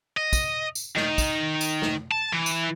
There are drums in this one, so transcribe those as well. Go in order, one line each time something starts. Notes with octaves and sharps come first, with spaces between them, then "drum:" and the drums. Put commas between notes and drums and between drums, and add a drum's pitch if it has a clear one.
D#5
drum: kick, tambourine
drum: tambourine
D#3, drum: snare
drum: kick, tambourine
drum: tambourine
drum: snare
A5
E3
drum: tambourine